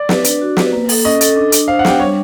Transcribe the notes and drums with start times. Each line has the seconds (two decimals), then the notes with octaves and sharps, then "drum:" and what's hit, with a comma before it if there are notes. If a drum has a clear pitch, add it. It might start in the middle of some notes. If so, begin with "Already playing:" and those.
Already playing: D5
0.09 B4, drum: snare
0.24 D4, drum: hi-hat
0.41 F#4
0.57 B4, drum: snare
0.73 A#3
0.89 A4, drum: open hi-hat
1.05 C#4 D#5
1.21 A4, drum: hi-hat
1.36 D4
1.52 D4, drum: hi-hat
1.68 C5 F5
1.79 F#5
1.85 D4 G5, drum: snare
2.00 G3 C#5